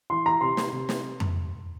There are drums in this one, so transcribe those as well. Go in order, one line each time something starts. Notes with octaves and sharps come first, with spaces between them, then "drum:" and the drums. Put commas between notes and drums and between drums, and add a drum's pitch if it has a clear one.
E3 C6
A#5
C3 C6
drum: snare
C3
drum: snare
drum: tom F2